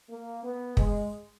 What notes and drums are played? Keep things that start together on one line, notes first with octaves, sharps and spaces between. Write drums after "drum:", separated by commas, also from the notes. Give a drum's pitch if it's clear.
A#3
B3
G#3, drum: kick